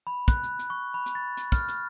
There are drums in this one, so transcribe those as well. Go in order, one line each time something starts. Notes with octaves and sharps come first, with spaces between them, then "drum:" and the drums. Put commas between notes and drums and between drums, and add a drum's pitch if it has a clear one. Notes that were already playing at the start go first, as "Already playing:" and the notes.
B5
F#6, drum: kick, hi-hat
drum: hi-hat
drum: hi-hat
C#6
B5
drum: hi-hat
A6
drum: hi-hat
F6, drum: kick, hi-hat
drum: hi-hat